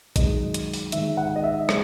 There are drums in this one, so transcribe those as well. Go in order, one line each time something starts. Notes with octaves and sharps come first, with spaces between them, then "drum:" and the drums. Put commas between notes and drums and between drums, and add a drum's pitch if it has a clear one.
F#2 D#3 G#3 D#5, drum: kick A#1, hi-hat
drum: hi-hat
drum: open hi-hat
G#2 D#3 G#3 E5, drum: hi-hat
F#5
D#5
E5
G#3, drum: rim click